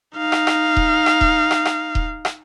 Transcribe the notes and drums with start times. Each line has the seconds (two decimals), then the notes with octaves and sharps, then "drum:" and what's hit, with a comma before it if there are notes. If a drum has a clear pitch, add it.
0.17 D#4 F5
0.32 drum: rim click
0.47 drum: rim click
0.77 drum: kick D#1
1.06 drum: rim click
1.21 drum: kick D#1
1.51 drum: rim click
1.65 drum: rim click
1.95 drum: kick D#1
2.25 drum: rim click